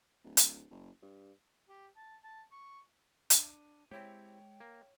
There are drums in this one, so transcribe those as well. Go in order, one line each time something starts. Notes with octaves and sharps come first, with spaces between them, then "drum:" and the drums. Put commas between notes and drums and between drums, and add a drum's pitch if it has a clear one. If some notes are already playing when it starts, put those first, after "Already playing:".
D1
drum: hi-hat
F#1
G2
G4
A5
A5
C#6
D4 D#7, drum: hi-hat
G#3 C4 E4 G4 C#5 G5
A#3